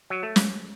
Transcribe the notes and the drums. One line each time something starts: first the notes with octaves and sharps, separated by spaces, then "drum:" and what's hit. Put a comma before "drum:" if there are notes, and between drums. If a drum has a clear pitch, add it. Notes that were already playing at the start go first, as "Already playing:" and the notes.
F#3
A3
drum: snare